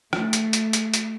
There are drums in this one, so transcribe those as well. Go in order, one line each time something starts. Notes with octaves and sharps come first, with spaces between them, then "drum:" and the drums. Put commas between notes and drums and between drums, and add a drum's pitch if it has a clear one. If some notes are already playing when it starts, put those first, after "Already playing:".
A3, drum: rim click
drum: hi-hat
drum: hi-hat
drum: hi-hat
drum: hi-hat